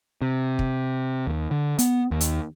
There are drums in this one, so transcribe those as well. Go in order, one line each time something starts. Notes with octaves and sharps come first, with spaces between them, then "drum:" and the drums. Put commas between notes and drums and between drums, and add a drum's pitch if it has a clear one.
C3
drum: kick
D#2
D3
B3, drum: hi-hat
D#2
drum: hi-hat